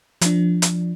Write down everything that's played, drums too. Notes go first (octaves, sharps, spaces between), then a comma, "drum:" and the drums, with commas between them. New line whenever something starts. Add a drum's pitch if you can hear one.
F3 D4, drum: hi-hat
drum: hi-hat